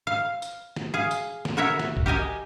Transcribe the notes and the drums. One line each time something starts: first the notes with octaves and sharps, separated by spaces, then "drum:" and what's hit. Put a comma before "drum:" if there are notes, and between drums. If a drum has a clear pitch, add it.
F5
drum: tambourine
drum: snare
G#4 F5
drum: tambourine
drum: snare
F#4 A#4 C#5 E5
drum: snare
drum: kick
G4 A#4 D#5 G#5